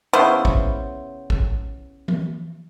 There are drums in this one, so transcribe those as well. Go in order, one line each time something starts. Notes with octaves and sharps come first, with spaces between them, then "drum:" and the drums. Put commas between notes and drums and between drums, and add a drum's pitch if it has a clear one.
C#3 B3 E4 C5
drum: kick
drum: kick
drum: tom E3